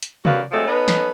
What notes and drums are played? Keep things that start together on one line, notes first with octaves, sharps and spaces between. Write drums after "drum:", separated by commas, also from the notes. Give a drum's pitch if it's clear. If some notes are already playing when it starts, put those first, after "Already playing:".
drum: hi-hat
F#2 F#4 B4 D5 F5, drum: tom C3
C3 F3 F#3 G#3 A3
B3 C#4 D#4 A4 B4
drum: snare